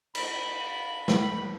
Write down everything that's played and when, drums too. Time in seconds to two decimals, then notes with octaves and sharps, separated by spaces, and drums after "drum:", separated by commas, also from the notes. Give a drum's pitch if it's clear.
0.15 B5, drum: cymbal
1.08 drum: snare